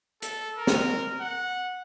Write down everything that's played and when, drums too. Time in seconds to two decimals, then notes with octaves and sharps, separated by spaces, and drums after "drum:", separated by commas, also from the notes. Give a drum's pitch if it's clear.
0.22 A4, drum: hi-hat
0.58 A#4
0.67 drum: snare
1.21 F#5